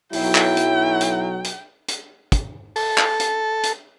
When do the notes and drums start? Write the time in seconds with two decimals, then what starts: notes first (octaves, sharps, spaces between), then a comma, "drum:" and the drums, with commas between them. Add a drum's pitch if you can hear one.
0.13 B1 F#3 E4 G5, drum: open hi-hat
0.35 drum: clap
0.57 drum: hi-hat
1.01 drum: hi-hat
1.44 drum: hi-hat
1.88 drum: hi-hat
2.32 drum: kick, hi-hat
2.76 A4, drum: open hi-hat
2.98 drum: clap
3.20 drum: hi-hat
3.63 drum: hi-hat